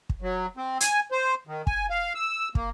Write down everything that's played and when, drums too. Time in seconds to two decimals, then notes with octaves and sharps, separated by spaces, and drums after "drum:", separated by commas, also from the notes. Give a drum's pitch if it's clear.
0.09 drum: kick
0.22 F#3
0.57 C4
0.80 G#5, drum: hi-hat
1.12 C5
1.47 D#3
1.67 G#5, drum: kick
1.90 F5
2.15 E6
2.55 A#3, drum: kick